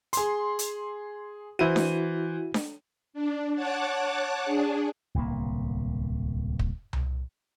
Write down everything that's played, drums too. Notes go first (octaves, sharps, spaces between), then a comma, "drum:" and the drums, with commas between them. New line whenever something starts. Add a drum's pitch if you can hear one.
G#4 C6, drum: hi-hat
drum: hi-hat
E3 E4 F#4 C5 D#7
drum: snare D4
drum: snare D4
D4
C#5 F#5 A5 D6 F#6
D4 G#4
D1 C2 B2 A#3
drum: kick
drum: tom C2